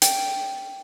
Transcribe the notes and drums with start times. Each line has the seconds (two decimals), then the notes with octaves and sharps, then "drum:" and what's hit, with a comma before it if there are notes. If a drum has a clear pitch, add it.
0.02 G5, drum: hi-hat